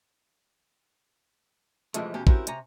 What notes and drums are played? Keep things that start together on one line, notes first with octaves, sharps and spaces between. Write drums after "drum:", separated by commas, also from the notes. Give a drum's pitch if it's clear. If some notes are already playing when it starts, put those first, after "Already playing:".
F2 C3 E3 F3 G#3 A3, drum: hi-hat
E2 B2 C#4 G4
C4 C#4 E4 F#4 G4 A#4, drum: kick
C3 C#5 G#5 A#5, drum: hi-hat